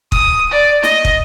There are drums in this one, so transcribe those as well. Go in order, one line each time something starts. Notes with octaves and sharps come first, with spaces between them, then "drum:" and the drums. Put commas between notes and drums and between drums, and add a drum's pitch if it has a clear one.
D#6, drum: kick
D5
D#5, drum: snare
drum: kick